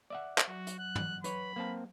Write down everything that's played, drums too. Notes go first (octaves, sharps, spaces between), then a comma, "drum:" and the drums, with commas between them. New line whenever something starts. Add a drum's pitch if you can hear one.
D5 E5 F#5
drum: clap
F#3 F#4
drum: hi-hat
F#6
drum: tom
B4 C#5 B5, drum: hi-hat
A#3 C4 A5